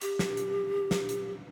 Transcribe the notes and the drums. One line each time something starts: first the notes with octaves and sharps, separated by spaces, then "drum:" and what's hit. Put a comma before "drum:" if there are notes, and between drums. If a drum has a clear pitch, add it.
G4, drum: hi-hat
drum: snare
drum: hi-hat
drum: snare
drum: hi-hat